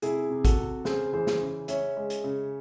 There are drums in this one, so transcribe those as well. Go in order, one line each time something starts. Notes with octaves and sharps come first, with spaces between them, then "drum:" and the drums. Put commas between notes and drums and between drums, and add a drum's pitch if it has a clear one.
C3 E4 G#4, drum: hi-hat
C3
F#4 A4, drum: kick A1, hi-hat
C3
C#3 G#4 C5, drum: snare
E3 G#4 C5
drum: snare
C#3
C#4 C#5 E5, drum: hi-hat
G#3
drum: hi-hat
C#3